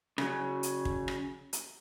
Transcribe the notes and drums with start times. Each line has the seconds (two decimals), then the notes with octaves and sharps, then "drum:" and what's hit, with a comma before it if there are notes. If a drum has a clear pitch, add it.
0.18 C#3 F#3, drum: rim click
0.63 drum: hi-hat
0.85 drum: kick
1.08 drum: rim click
1.53 drum: hi-hat